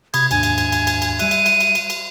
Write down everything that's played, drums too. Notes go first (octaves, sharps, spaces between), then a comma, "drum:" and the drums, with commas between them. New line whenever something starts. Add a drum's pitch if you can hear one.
C3 B5 D#6 G#6, drum: cymbal
D#2 G#2 D4 G#5, drum: cymbal
drum: cymbal
drum: cymbal
drum: cymbal
drum: cymbal
drum: cymbal
G3 E5 F#6 D#7, drum: cymbal
drum: cymbal
drum: cymbal
drum: cymbal
drum: cymbal
drum: cymbal